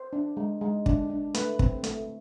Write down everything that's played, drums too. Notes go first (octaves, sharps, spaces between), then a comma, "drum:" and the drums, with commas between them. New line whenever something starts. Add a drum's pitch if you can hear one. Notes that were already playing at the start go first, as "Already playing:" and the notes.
Already playing: C5
D4
G#3
G#3
D4, drum: kick
D4
A3 B4, drum: hi-hat
C4, drum: kick
A3, drum: hi-hat